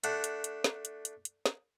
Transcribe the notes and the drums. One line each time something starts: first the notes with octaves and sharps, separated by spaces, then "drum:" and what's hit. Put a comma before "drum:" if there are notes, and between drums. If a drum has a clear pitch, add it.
A3 D4 F#5, drum: hi-hat
drum: hi-hat
drum: hi-hat
drum: snare
drum: hi-hat
drum: hi-hat
drum: hi-hat
drum: snare